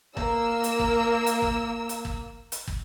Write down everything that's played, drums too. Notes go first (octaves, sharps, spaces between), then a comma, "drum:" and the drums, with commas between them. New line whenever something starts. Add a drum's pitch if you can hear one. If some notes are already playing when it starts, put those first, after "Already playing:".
A#3 E6, drum: kick
drum: hi-hat
drum: kick
drum: hi-hat
drum: kick
drum: hi-hat
drum: kick
drum: hi-hat
drum: kick